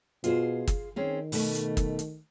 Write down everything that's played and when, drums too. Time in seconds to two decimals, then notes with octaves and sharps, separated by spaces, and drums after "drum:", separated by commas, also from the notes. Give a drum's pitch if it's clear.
0.24 B2 F4 G#4 C5, drum: hi-hat
0.67 drum: kick, hi-hat
0.96 D#3 C4 C#4 G#4
1.32 B2 A3, drum: open hi-hat
1.55 drum: hi-hat
1.77 drum: kick, hi-hat
1.99 drum: hi-hat